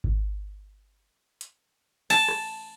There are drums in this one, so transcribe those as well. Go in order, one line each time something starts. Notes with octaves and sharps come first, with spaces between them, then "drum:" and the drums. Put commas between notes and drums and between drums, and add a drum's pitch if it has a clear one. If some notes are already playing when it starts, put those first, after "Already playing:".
drum: kick G#1
drum: hi-hat
A5, drum: cymbal
drum: rim click